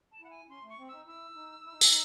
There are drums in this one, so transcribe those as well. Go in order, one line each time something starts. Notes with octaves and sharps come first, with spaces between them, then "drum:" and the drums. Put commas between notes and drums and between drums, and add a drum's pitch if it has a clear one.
A5
E4 F#5
G#5
C#4 C6
A3
C#6
C4
D#4 E6
E4 E6
D#4
E4
D#4
C#4, drum: tambourine
D#4